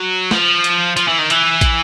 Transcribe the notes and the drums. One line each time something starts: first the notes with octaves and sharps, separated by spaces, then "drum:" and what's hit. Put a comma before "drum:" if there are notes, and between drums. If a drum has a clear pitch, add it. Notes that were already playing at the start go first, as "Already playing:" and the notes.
Already playing: F#3
F3, drum: snare
drum: hi-hat
F3, drum: hi-hat
E3
D#3
E3, drum: hi-hat
drum: kick, hi-hat